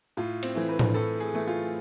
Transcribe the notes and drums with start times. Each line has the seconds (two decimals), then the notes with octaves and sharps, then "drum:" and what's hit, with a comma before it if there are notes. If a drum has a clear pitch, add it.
0.17 A2 F4
0.43 C4, drum: cymbal
0.55 E3 A3
0.69 B4
0.79 drum: tom A2
0.94 A2 A4
1.20 G#4
1.34 E3 A3
1.47 F4